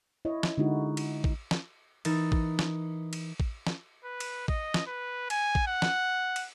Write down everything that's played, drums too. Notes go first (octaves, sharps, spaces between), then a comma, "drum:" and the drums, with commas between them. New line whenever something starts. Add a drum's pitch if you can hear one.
E4 C#5 D#5
drum: snare
D3 G#3 D#4 E4 F#4
drum: cymbal
drum: kick A1
drum: snare
E3 D#4 A#4 A6 E7, drum: cymbal
drum: kick A1
drum: snare
drum: cymbal
drum: kick A1
drum: snare
B4
drum: cymbal
D#5, drum: kick A1
drum: snare
B4
G#5, drum: cymbal
drum: kick A1
F#5
drum: snare
drum: cymbal